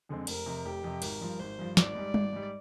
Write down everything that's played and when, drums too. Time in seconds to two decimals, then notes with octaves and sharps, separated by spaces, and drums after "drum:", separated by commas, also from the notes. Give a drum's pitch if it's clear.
0.09 F2 D3 G#3 C4
0.27 F1 A#4, drum: cymbal
0.46 F2 C3
0.65 F1 G4
0.84 F2 C3
1.02 G#1 A#4, drum: cymbal
1.21 G2 F3
1.39 G#1 C5
1.59 G2 F3
1.77 G#1 D5, drum: snare
1.95 G#2 G3
2.14 G#1, drum: tom G3
2.33 G#2 G3